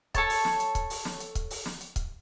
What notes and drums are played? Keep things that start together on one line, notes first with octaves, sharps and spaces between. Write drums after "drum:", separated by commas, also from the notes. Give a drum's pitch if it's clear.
A4 C#5 A5, drum: kick C#1, hi-hat
drum: open hi-hat
drum: snare
drum: hi-hat
drum: kick C#1, hi-hat
drum: open hi-hat
drum: snare
drum: hi-hat
drum: kick C#1, hi-hat
drum: open hi-hat
drum: snare
drum: hi-hat
drum: kick C#1, hi-hat